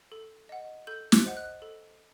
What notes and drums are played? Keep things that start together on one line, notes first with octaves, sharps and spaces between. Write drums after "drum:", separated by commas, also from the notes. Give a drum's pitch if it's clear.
A4
D#5 F#5
A4 G6
F#6, drum: snare
C5 D#5 F#5
F#6
A4